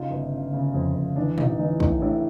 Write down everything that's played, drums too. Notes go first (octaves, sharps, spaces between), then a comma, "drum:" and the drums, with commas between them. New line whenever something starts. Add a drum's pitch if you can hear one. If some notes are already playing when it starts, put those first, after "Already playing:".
Already playing: C#3 D#4 F4
G1
C#3
C#3
F2
F2
E3 D4
A1 D#4, drum: tom
E3 D#4
A2 D#4, drum: kick
A2 D4 E4